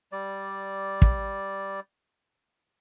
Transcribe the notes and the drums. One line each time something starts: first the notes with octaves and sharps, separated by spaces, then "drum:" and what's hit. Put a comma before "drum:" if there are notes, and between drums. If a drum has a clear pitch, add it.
G3 D5
drum: kick